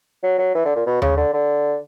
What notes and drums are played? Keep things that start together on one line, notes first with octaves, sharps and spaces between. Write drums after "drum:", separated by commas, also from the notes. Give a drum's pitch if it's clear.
F#3
F#3
E3
D3
A#2
B2
C#3, drum: tom D#2
D3
D3